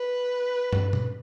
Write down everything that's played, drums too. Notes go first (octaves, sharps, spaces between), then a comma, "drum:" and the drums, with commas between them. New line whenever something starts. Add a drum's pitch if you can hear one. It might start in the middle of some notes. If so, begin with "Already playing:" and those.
Already playing: B4
drum: tom
drum: tom A#2